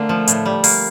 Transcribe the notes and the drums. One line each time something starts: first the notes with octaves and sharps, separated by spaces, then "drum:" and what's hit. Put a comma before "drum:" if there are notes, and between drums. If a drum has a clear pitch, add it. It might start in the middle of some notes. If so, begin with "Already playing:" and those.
Already playing: D3 A3 A#3 C4
F3
A2, drum: hi-hat
G3
A#3, drum: open hi-hat